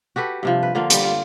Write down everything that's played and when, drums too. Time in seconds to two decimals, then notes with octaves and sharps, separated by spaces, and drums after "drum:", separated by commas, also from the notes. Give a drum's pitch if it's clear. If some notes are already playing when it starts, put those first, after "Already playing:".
0.16 F#4 G4 A4 B4
0.43 G2 C3 F3
0.63 B4
0.75 D3 F3 A#3 F4
0.90 G2 G3, drum: hi-hat
1.04 F4